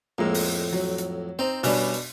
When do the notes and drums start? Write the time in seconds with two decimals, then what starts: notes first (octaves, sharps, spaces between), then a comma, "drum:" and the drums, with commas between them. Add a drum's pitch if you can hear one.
0.18 F2 A2 G#3 A#3
0.34 drum: open hi-hat
0.73 F#3
0.98 drum: hi-hat
1.39 C4 D#4 C5
1.63 G2 B2 C#4 D4 B5, drum: open hi-hat
1.94 drum: hi-hat